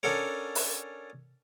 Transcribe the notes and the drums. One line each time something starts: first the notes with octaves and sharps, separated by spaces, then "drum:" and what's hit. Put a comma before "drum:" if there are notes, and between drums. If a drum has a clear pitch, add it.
C#4 D4 F#4 A4 A#4 C#5
drum: open hi-hat